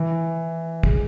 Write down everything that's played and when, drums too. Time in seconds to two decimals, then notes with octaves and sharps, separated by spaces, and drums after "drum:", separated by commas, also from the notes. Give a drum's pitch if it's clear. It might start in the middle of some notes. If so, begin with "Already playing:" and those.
Already playing: E3
0.83 G#3, drum: kick